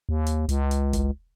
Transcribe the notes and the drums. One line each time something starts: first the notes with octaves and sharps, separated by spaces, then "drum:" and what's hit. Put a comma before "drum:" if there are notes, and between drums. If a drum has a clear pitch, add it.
D#2
drum: hi-hat
C#2, drum: hi-hat
drum: hi-hat
drum: kick G1, hi-hat